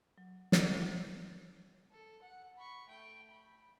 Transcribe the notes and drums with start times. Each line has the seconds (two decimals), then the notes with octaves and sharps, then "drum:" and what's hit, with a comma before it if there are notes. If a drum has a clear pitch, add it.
0.18 F#3
0.52 drum: snare
1.92 A4
2.22 F#5
2.58 B5 C#6
2.88 A3 G5
3.31 B5